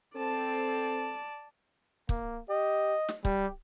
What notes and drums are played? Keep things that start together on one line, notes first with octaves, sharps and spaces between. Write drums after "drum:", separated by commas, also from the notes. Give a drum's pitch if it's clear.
C4 A4 D5 A5
A#3, drum: kick
G4 D#5
drum: snare
G3 G4, drum: kick